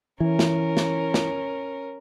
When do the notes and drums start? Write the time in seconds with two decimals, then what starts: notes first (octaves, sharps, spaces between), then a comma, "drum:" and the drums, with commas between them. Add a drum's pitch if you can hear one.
0.20 E3 C#4 A#4
0.39 drum: snare
0.77 drum: snare
1.14 drum: snare